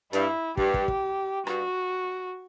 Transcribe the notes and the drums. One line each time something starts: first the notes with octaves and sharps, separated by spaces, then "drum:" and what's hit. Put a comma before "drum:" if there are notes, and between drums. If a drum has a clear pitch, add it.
G2 E4, drum: hi-hat
G2 G4, drum: kick
drum: kick
drum: kick
G2 F#4, drum: rim click